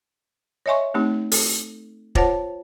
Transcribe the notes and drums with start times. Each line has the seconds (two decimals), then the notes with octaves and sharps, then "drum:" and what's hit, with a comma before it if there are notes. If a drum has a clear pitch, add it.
0.66 C#5 D#5 E5 G#5 C6 C#6
0.94 A3 C4 D#4 G4
1.32 A4, drum: open hi-hat
2.15 F4 C5 C#5 F#5 A5, drum: kick